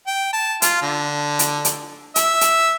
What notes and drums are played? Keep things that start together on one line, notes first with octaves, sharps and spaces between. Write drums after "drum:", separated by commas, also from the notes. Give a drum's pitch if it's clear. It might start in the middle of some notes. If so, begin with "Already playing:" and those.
G5
A5
F4, drum: hi-hat
D3
drum: hi-hat
drum: hi-hat
E5, drum: hi-hat
drum: hi-hat